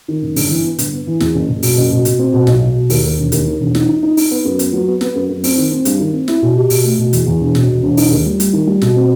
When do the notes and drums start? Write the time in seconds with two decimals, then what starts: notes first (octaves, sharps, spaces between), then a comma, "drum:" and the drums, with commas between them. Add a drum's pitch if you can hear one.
0.08 D#3
0.22 F#1
0.36 G1, drum: open hi-hat
0.50 E3
0.64 B3
0.79 G1, drum: hi-hat
0.93 B3
1.07 E3
1.20 E2, drum: snare
1.35 F#1
1.49 F#1
1.63 B2, drum: open hi-hat
1.78 F#1
1.92 B2
2.05 B2, drum: hi-hat
2.19 C4
2.33 B2
2.47 B1, drum: snare
2.62 B2
2.76 B2
2.90 D#2, drum: open hi-hat
3.04 D#2
3.18 E1
3.32 D#2, drum: hi-hat
3.46 D#3
3.60 E1
3.75 D#4, drum: snare
3.89 D#4
4.03 D#4
4.17 D#4, drum: open hi-hat
4.31 B3
4.45 F#2
4.59 B3, drum: hi-hat
4.73 F#3
4.88 B3
5.01 B3, drum: snare
5.15 F#2
5.29 F#2
5.44 C4, drum: open hi-hat
5.58 D#3
5.72 C4
5.85 G2, drum: hi-hat
6.00 D#3
6.13 C4
6.28 E4, drum: snare
6.42 B2
6.56 G4
6.70 B2, drum: open hi-hat
6.84 A3
6.98 B2
7.13 E2, drum: hi-hat
7.27 E2
7.41 E1
7.55 B2, drum: snare
7.69 E1
7.83 E1
7.97 D#4, drum: open hi-hat
8.11 D#2
8.26 G3
8.40 G3, drum: hi-hat
8.53 D#3
8.67 G3
8.82 B2, drum: snare
8.96 C4